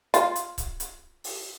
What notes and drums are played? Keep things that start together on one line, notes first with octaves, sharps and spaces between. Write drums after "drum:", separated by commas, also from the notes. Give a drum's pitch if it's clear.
F4, drum: hi-hat
drum: hi-hat
drum: kick C#1, hi-hat
drum: hi-hat
drum: open hi-hat